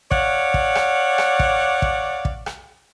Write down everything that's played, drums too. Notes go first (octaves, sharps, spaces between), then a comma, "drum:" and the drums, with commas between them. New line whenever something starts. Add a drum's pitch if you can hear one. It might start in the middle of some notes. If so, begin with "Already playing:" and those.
C#5 D5 F5 F#5, drum: kick
drum: kick
drum: rim click
drum: rim click
drum: kick
drum: kick
drum: kick
drum: rim click